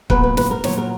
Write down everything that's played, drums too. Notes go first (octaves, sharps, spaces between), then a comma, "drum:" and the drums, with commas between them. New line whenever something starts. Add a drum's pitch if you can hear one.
A#2 F#3 B3 B4, drum: kick
B4
B4, drum: snare
A#4
A#2 F#3 B3 C#5, drum: snare
A#4